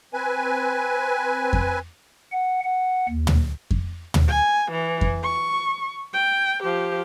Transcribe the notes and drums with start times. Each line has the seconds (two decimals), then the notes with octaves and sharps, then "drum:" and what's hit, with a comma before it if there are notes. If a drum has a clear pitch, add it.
0.14 C4 B4 G#5
1.53 drum: kick F2
2.32 F#5
2.64 F#5
3.09 D#2
3.27 drum: tom
3.71 drum: kick F2
4.14 drum: tom
4.28 G#5
4.71 E3
5.01 drum: kick F2
5.23 C#6
6.13 G5
6.63 F3 G4